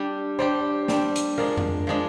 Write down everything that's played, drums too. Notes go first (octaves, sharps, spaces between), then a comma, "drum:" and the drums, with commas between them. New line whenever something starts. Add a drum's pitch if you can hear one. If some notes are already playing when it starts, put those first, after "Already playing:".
Already playing: G3 D4 G4
G3 D4 G4 C5
G3 D4 G4, drum: snare
drum: hi-hat
F3 G#3 D4 A#4
drum: tom F2
F3 G#3 D4